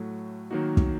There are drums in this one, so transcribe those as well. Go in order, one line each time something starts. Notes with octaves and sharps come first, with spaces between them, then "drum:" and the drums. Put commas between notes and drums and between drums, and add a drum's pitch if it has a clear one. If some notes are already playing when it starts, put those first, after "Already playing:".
Already playing: A2 F#3 A3
D#3 F#3 A#3 D#4 F#4
drum: kick